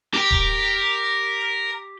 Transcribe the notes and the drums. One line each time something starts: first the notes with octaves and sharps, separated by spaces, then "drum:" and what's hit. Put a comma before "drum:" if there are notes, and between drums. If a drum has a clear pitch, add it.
G4 A#4 G5
drum: kick D1